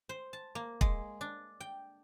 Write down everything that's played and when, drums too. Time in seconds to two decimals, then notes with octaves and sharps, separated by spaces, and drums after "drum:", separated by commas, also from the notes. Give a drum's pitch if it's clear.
0.09 C5
0.33 A5
0.55 A#3
0.81 G#3, drum: kick
1.21 D4
1.60 G5